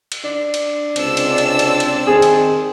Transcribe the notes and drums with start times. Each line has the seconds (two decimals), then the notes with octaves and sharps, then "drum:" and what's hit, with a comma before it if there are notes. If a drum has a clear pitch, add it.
0.12 drum: cymbal
0.24 D4
0.54 drum: cymbal
0.96 C#2 C3 C4 A5 E6, drum: cymbal
1.17 drum: cymbal
1.38 drum: cymbal
1.59 drum: cymbal
1.80 drum: cymbal
2.07 D#3 C4 G#4
2.22 drum: cymbal